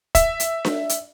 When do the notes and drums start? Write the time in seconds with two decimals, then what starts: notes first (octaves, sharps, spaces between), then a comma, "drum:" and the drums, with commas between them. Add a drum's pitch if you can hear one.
0.15 E5, drum: kick, hi-hat
0.40 drum: hi-hat
0.65 drum: snare D4
0.89 drum: hi-hat